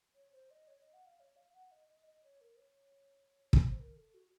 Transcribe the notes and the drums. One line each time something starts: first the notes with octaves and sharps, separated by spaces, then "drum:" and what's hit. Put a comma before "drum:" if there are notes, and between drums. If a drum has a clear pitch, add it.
C#5
C5
D#5
C#5
D#5
F#5
F5
C#5
F5
F#5
D#5
D#5
D#5
C#5
A#4
C#5
drum: kick
C5
A#4
A4
F#4